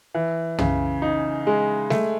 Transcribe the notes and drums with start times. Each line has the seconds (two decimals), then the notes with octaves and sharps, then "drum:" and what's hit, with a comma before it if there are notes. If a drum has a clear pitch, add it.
0.14 E3
0.58 C#3, drum: tom
1.02 D#4
1.47 G#3
1.90 A3, drum: snare G3